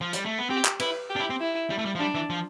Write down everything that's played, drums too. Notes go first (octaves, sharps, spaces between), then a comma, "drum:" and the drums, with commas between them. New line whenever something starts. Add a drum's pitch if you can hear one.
F3
G3, drum: hi-hat
A3
B3
C4 G4
drum: clap
E4 B4, drum: cymbal
G4
D4
E4
C4
E4
G3
A3
G3
F3
G3 D4
E3
F3